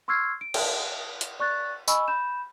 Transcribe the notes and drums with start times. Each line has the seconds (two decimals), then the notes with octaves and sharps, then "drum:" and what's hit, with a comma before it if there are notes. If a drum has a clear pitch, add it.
0.08 C6 C#6 E6 F6 G#6 C7
0.41 D7
0.54 drum: cymbal
1.21 drum: hi-hat
1.39 D5 C#6 F#6 A6
1.88 D#5 G#5 B5 C#6 E6, drum: tambourine
2.08 B5 G6 E7